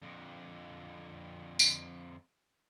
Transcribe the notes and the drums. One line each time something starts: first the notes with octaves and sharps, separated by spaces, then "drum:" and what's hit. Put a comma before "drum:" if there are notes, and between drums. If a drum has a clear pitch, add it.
F2 D3
drum: tambourine